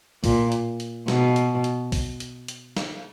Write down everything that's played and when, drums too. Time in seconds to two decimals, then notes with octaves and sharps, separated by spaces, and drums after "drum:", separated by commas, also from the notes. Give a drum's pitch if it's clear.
0.24 A#2, drum: kick, open hi-hat
0.52 drum: hi-hat
0.80 drum: hi-hat
1.08 B2, drum: snare
1.36 drum: hi-hat
1.64 drum: hi-hat
1.92 drum: kick, open hi-hat
2.20 drum: hi-hat
2.48 drum: hi-hat
2.77 drum: snare